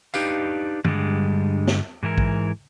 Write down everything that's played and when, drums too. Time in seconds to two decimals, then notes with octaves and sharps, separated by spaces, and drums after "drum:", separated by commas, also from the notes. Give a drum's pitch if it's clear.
0.14 D4 D#4 G4 B4 F5, drum: tambourine
0.84 G2 D3 G3 G#3, drum: tom
1.67 drum: snare
2.03 G#2 E3 E4 A#4
2.18 drum: kick A#1